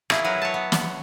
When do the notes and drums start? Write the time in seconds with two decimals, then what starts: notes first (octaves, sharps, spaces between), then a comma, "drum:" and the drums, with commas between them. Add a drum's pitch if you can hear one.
0.10 A#3 E4 G#4, drum: rim click
0.24 F#3 A#4 B4
0.42 C#5 A5
0.54 B3
0.72 drum: snare